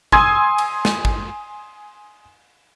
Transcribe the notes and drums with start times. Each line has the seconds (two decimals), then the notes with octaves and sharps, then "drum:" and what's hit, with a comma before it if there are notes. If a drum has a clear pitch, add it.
0.12 G#5 C6 D#6 E6 G#6, drum: kick
0.58 drum: cymbal
0.85 drum: snare
1.05 drum: kick